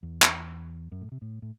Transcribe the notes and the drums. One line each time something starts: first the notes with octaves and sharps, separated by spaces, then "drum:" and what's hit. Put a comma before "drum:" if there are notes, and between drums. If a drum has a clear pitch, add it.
E2
drum: clap
F#2
A2
C3
A2
A2